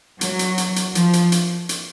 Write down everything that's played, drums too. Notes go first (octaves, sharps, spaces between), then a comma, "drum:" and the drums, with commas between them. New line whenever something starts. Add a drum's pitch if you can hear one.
F#3, drum: hi-hat
drum: hi-hat
drum: hi-hat
drum: hi-hat
F3, drum: hi-hat
drum: hi-hat
drum: hi-hat
drum: hi-hat